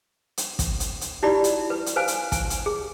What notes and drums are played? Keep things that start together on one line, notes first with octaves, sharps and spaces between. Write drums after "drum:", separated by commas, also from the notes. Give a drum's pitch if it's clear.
drum: hi-hat
drum: kick, hi-hat
drum: hi-hat
drum: hi-hat
D#4 E4 F#4 G4 D5 B5
drum: hi-hat
B4
drum: hi-hat
B4 C5 F5 G#5
drum: hi-hat
G#5, drum: kick, hi-hat
drum: hi-hat
G#4